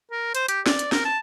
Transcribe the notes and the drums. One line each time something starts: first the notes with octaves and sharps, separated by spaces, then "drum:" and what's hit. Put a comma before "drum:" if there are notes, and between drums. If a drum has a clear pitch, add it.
A#4
C5, drum: hi-hat
G4, drum: hi-hat
D5, drum: snare
drum: hi-hat
A#4, drum: snare
A5